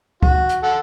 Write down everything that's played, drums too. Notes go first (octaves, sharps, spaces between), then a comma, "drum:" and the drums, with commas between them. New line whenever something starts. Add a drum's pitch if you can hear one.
F#4, drum: kick
drum: hi-hat
A4 F#5